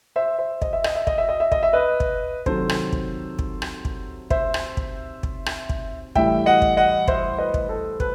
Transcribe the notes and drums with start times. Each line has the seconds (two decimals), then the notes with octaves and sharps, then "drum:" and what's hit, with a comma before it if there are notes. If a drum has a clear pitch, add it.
0.16 C5 E5
0.39 C5 E5
0.62 D#5, drum: kick
0.73 E5
0.84 D#5, drum: rim click
0.95 E5
1.07 D#5, drum: kick
1.18 E5
1.29 D#5
1.40 E5
1.52 D#5, drum: kick
1.63 E5
1.73 B4 D#5
2.00 drum: kick
2.46 C3 D#3 F#3 A4 C5, drum: kick
2.69 drum: rim click
2.93 drum: kick
3.39 drum: kick
3.62 drum: rim click
3.85 drum: kick
4.30 C5 E5, drum: kick
4.54 drum: rim click
4.77 drum: kick
5.23 drum: kick
5.46 drum: rim click
5.69 drum: kick
6.15 A2 E3 G3 E5 G5, drum: kick
6.46 D#5 F#5
6.62 drum: kick
6.77 D#5 F#5
7.08 C5 E5, drum: kick
7.38 B4 D#5
7.54 drum: kick
7.69 A4 C5
8.00 B4, drum: kick